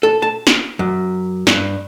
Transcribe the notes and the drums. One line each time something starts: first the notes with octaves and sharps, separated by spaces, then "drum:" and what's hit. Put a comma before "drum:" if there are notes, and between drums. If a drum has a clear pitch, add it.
A4
A5
drum: snare
F#2
G2, drum: snare